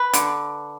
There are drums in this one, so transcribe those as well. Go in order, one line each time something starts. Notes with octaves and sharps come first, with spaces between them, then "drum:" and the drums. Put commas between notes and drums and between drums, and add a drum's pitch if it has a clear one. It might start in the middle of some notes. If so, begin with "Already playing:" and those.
Already playing: B4
D3, drum: hi-hat